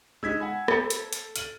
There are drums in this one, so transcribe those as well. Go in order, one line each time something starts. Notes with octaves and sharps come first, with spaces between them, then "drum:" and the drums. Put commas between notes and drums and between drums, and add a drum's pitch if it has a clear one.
G#3 D#4 E6 G#6 B6
F#5 G#5 B5
A4 C5 A6 C#7, drum: rim click
drum: hi-hat
drum: hi-hat
F6 D#7 F#7, drum: hi-hat